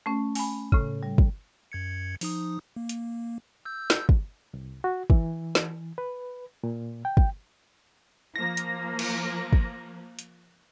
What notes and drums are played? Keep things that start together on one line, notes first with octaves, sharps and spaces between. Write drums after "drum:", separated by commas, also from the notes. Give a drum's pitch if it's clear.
A3 C#4
G#5 B5, drum: open hi-hat
A2 C#3, drum: kick
G3
drum: kick
F#2 G#6 C#7
F3 D#4 D#6, drum: open hi-hat
A#3
drum: hi-hat
E6 G6
drum: snare
drum: kick
C2
F#4
E3, drum: kick
drum: snare
B4
A#2
G5
drum: kick
F3 A#3 A#6
drum: hi-hat
drum: cymbal
drum: kick
drum: hi-hat